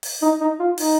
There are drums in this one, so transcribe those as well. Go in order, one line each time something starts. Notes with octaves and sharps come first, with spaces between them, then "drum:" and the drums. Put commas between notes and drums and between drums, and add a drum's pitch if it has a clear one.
drum: open hi-hat
D#4
D#4
F4
D#4, drum: open hi-hat